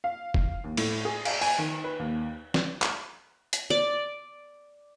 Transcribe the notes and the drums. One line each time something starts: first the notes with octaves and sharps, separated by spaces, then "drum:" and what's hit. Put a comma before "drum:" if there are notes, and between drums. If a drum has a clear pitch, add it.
F5
drum: kick F1
D#2
A2, drum: cymbal
G#4
F5, drum: cymbal
G#5, drum: open hi-hat
D#3
B4
D#2
drum: snare
drum: clap
drum: hi-hat
D5